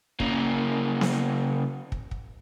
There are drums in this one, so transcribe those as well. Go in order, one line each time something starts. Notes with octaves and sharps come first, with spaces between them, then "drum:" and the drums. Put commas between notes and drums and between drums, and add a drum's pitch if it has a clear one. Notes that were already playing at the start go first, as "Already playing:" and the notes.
C#3 A#3, drum: kick
drum: snare B3
drum: kick
drum: kick